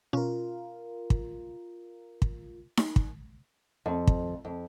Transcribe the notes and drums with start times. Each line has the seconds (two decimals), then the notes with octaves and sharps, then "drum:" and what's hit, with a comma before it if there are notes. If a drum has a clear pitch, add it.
0.13 B2 C#4 F4 A#4
1.10 drum: kick
2.22 drum: kick
2.77 drum: snare D#4
2.96 drum: kick
3.86 F2
4.07 drum: kick
4.45 F2